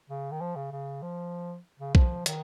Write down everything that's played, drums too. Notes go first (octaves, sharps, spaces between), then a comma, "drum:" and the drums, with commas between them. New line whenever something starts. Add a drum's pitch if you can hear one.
C#3
D#3
F3
C#3
C#3
F3
C#3
F3, drum: kick B1
D#3, drum: hi-hat